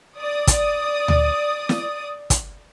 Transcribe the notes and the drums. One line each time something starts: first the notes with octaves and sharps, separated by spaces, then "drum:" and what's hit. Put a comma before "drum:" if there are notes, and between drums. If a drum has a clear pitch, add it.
D5 D#6
drum: kick, hi-hat
drum: tom D2
drum: snare
drum: kick, hi-hat